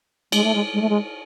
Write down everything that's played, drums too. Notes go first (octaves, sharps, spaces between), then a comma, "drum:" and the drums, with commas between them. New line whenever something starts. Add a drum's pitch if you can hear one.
G#3, drum: cymbal
A3
G#3
G#3
A3
G#3